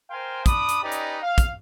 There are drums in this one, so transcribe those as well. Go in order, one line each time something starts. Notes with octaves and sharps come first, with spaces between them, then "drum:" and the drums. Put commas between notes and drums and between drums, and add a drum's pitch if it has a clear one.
A#4 C5 F5 G5 G#5 C6
D4 B5 D6 D#6, drum: kick, hi-hat
drum: hi-hat
C#4 D#4 G4 B4 D5 D#5
drum: hi-hat
F5
drum: kick, hi-hat